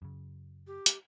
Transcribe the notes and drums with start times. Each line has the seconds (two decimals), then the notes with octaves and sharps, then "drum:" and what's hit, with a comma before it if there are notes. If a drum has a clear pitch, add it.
0.02 F#2 C#3
0.67 G4
0.86 drum: hi-hat